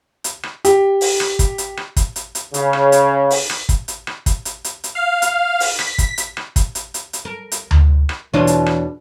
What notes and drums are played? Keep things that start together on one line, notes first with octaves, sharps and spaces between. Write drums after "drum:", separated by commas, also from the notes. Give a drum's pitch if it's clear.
drum: hi-hat
drum: rim click
G4, drum: hi-hat
drum: open hi-hat
drum: rim click
drum: kick, hi-hat
drum: hi-hat
drum: rim click
drum: kick, hi-hat
drum: hi-hat
drum: hi-hat
C#3, drum: hi-hat
drum: rim click
drum: hi-hat
drum: open hi-hat
drum: rim click
drum: kick, hi-hat
drum: hi-hat
drum: rim click
drum: kick, hi-hat
drum: hi-hat
drum: hi-hat
drum: hi-hat
F5
drum: hi-hat
drum: open hi-hat
B6, drum: rim click
drum: kick, hi-hat
drum: hi-hat
drum: rim click
drum: kick, hi-hat
drum: hi-hat
drum: hi-hat
drum: hi-hat
A#4
drum: hi-hat
drum: tom D2
drum: rim click
E2 B2 E3 D4 F4 C#5
drum: hi-hat
drum: rim click